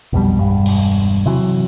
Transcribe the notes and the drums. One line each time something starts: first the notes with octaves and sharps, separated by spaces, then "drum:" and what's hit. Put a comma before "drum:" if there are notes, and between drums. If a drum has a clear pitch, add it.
B1 F2 B2 G3
E1 G2
drum: open hi-hat
C3 E3 F#3